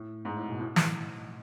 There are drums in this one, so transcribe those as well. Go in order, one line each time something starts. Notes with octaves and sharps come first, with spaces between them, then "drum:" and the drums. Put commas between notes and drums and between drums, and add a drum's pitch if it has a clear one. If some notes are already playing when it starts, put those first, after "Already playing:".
Already playing: A2
G#2
A2
B2
A2
drum: snare